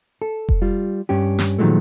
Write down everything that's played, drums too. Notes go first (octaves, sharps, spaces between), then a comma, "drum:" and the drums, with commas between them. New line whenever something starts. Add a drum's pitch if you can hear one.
A4
drum: kick F1
G3 F4
G2 C#4 G4
drum: snare
A#2 D#3 F3 F#3 G#3 A3